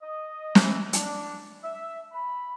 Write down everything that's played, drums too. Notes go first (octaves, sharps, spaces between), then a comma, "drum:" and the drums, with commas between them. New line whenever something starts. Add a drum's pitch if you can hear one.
D#5
E3, drum: snare
D4, drum: hi-hat
E5
B5